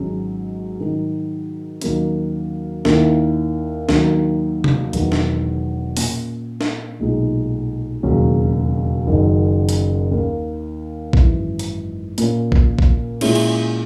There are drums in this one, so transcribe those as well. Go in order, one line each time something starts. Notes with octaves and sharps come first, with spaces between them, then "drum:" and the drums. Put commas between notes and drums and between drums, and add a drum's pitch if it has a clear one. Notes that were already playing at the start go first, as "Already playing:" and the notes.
Already playing: G#1 G#2 F#3 C#4
G#2 D#3 F#3
D#2 D#3 F#3 A#3 C#4, drum: hi-hat
D#2 D#3 A#3 E4, drum: snare
D#2 D#3 F#3 A#3, drum: snare
drum: tom
E1 E2 D#3 F#3 B3, drum: hi-hat
drum: snare
A#2 A#3 C#4, drum: open hi-hat
drum: snare
B1 A#2 G#3 D#4
E1 D#2 C#3 F#3 C#4
F#1 F#2 D#3
drum: hi-hat
D#2 D#3 A#3
G#1 F#2 E3, drum: kick A#1
drum: hi-hat
A#2 A#3 C#4, drum: hi-hat
drum: kick A#1
drum: kick A#1
A#2 G#3 C#4 E4, drum: cymbal
drum: cymbal